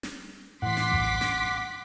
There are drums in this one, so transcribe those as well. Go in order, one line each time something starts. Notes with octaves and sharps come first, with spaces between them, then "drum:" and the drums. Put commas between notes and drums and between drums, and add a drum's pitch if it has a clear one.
drum: snare
A2 E3 F#5 C6 D6 B6
drum: snare
drum: kick A1
drum: snare